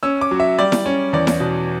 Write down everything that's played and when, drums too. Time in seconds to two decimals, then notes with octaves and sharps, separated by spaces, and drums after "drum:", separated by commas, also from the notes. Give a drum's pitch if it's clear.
0.03 C#4 E6
0.21 D6
0.31 F#3
0.40 E5
0.59 G3 D5
0.72 drum: snare E4
0.86 C#4
1.13 E2 D5
1.27 drum: snare E4
1.40 B2